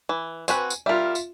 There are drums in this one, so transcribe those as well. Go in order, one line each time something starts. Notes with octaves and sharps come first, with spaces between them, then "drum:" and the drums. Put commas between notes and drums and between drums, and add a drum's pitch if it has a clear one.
E3
C4 F#4 B4 G#5, drum: tambourine
drum: tambourine
G3 F4 A#4 E5
drum: tambourine